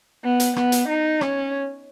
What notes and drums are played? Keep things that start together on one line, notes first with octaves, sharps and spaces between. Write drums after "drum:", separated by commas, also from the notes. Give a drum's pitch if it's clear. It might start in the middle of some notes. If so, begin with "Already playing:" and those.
B3
drum: hi-hat
B3, drum: rim click
drum: hi-hat
D#4
C#4, drum: rim click